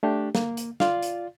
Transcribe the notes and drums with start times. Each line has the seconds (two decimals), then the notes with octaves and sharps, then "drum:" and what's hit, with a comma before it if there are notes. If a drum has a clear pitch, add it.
0.03 A3 D4 G4
0.35 A#3, drum: snare
0.57 drum: hi-hat
0.80 F4 D5 F5, drum: snare
1.03 drum: hi-hat